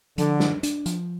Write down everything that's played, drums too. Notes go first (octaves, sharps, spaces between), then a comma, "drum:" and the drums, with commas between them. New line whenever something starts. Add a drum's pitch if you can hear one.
D3 F3, drum: hi-hat
D4, drum: snare
D4, drum: hi-hat
F3, drum: hi-hat